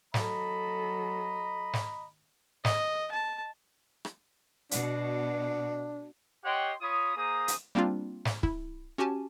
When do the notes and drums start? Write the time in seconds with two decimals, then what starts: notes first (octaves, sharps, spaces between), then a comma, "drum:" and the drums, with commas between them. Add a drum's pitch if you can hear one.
0.14 F#3 A4 D#5 A#5 B5, drum: snare
1.73 drum: snare
2.65 D#5, drum: snare
3.11 A5
4.05 drum: rim click
4.71 B2 D4, drum: hi-hat
6.44 G4 C#5 D#5 F#5 G5 C6
6.81 F4 C#5 B5 D#6
7.16 A#3 G#4 C5 A#5 D#6
7.48 drum: hi-hat
7.75 G3 A#3 C4 D4 F4
8.25 drum: snare
8.43 E4, drum: kick
8.98 C#4 F#4 G4 G#5 A5